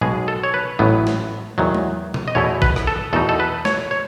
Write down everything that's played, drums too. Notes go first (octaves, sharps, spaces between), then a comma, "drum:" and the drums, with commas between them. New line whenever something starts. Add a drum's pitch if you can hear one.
B1 B2 G#3 G#4
A4
C#5
B4
A1 A2 F#3 B3 E4
drum: snare
E2 D#3 F#3
drum: tom G#3
drum: tom A#2
D#5
E2 B2 A3 E4 C#5
B4, drum: kick A1
drum: rim click
A4
E2 B2 A3 D#4 A4
A4
B4
C#5, drum: snare
C#5